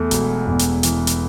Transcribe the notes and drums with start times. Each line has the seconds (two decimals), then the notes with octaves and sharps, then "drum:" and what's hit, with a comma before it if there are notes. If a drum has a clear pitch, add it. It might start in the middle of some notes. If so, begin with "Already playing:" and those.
Already playing: E2 A3
0.11 E1, drum: hi-hat
0.47 E2
0.59 drum: hi-hat
0.83 E3, drum: hi-hat
1.07 drum: hi-hat